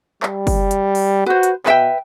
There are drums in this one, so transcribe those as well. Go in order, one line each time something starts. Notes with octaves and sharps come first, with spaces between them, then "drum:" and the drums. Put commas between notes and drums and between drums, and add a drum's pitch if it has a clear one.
G3, drum: clap
drum: kick F#1, open hi-hat
drum: hi-hat
drum: open hi-hat
F#4 B4 C5
drum: hi-hat
B2 B4 E5 G5, drum: clap